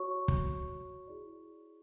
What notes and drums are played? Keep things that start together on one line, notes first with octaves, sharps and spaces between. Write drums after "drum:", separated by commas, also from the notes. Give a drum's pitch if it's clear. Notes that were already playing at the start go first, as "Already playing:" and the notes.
Already playing: F#4 C#5 C#6
drum: kick
E4 G#4 D5